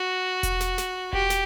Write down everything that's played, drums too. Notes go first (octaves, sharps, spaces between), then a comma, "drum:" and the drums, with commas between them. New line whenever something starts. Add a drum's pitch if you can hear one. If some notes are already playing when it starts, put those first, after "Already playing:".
Already playing: F#4
drum: kick E1, hi-hat
drum: snare
drum: snare
G4, drum: kick E1
drum: snare